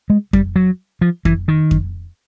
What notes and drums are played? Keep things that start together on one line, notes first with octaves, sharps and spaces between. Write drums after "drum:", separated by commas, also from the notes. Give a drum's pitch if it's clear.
G#3
G3, drum: kick F2
F#3
F3
E3, drum: kick F2
D#3
drum: kick F2